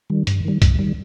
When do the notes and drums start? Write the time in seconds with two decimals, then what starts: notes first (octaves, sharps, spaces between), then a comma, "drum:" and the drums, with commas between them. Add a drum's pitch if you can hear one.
0.10 D#3 G3
0.27 G2, drum: hi-hat
0.45 D#3 G3
0.62 G2, drum: kick C2, hi-hat
0.79 D#3 G3